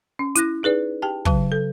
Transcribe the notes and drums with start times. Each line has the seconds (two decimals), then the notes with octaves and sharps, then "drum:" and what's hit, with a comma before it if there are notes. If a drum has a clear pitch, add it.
0.19 C#4
0.35 E4 F#6 A#6, drum: hi-hat
0.63 D#4 G#4 B4 D5
1.02 G4 G5 A5
1.25 C#3 F#3 A5, drum: kick
1.52 A4